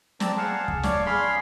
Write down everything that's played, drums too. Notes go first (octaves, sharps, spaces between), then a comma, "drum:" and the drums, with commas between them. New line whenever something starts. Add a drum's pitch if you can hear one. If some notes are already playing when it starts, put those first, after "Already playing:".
C4 D5 A5 A#5 E6, drum: snare
G#4 F5 F#5 A5
drum: kick
D4 C#5 D5 F5, drum: snare
G#4 F5 B5 C6